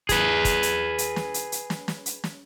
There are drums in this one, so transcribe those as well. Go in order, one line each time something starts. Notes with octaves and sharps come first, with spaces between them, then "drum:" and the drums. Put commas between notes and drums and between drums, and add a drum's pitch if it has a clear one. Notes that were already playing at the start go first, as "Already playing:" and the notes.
G#4 B4, drum: kick, hi-hat
drum: kick, hi-hat
drum: hi-hat
drum: hi-hat
drum: snare
drum: hi-hat
drum: hi-hat
drum: snare
drum: snare
drum: hi-hat
drum: snare